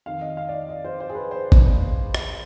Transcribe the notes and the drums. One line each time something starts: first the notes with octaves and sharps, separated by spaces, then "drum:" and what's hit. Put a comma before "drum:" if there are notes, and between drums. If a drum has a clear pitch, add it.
F2 D#3 F5
D#5
F5
D5
D#5
D#5
C5
C5
G#4
B4
C5
drum: kick G#1
drum: rim click